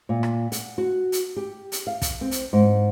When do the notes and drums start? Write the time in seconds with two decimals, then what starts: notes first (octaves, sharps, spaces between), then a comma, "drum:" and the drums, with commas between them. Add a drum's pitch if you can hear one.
0.09 A#2
0.23 drum: rim click
0.52 F#5, drum: hi-hat
0.78 F#4
1.12 drum: hi-hat
1.36 G4
1.72 drum: hi-hat
1.87 F5
2.02 drum: kick, hi-hat
2.21 C4
2.31 drum: hi-hat
2.53 G#2